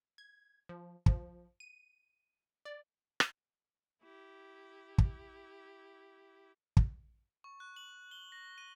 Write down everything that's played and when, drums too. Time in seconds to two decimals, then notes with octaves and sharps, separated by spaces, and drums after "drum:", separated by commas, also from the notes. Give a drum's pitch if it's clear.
0.18 G#6
0.69 F3
1.06 F3, drum: kick
1.60 D#7
2.65 D5
3.20 drum: rim click
4.02 E4 G4
4.98 drum: kick
6.77 drum: kick
7.44 C#6
7.60 F#6
7.76 F#7
8.11 G7
8.32 A#6
8.58 D#7